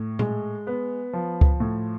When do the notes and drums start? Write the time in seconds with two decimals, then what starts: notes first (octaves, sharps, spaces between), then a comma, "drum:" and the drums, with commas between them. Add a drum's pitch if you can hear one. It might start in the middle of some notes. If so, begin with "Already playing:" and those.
Already playing: A2
0.19 G#3, drum: tom A#2
0.67 B3
1.13 F3
1.41 drum: kick C#2
1.60 A2